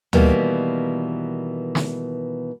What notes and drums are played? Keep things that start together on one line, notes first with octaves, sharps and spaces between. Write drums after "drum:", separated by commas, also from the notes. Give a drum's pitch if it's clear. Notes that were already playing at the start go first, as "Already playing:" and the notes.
B2 D#3 E3 G3 A#3 B3, drum: tom D2
drum: snare